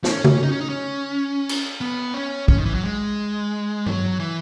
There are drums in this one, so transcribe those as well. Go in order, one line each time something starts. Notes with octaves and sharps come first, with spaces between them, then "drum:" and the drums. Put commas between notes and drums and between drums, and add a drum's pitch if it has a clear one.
B3, drum: snare
C#4
drum: tom C#3
D#4
C#4
D#4
C#4
drum: cymbal
B3
C#4
C#4, drum: kick
D#3
E3
F#3
G#3
F#3, drum: tom G2
E3